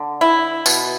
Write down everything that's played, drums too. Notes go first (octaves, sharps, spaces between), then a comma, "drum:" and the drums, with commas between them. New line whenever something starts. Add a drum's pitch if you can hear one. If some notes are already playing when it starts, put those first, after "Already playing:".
Already playing: D3
E4
B2, drum: tambourine